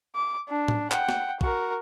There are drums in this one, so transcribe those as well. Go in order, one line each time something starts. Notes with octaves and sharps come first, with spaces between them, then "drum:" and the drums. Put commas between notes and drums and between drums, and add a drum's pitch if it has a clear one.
D6
D4
drum: tom A2
F#5 G5, drum: clap
drum: snare
F#4 A#4, drum: kick